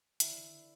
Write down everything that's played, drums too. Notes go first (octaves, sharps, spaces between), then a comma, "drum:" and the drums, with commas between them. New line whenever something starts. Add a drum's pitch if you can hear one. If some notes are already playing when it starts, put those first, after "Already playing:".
D3 E4, drum: hi-hat
E3
D3